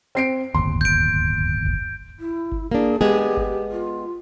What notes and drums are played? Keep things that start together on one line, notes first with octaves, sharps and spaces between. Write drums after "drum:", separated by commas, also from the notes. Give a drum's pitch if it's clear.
C4 C7 D7
D1 G1 D#2 C6
G6 D7, drum: kick G1
drum: kick G1
E4
drum: kick G1
A#3 D4 G#4
G#3 B3 G4 G#4
drum: kick G1
F4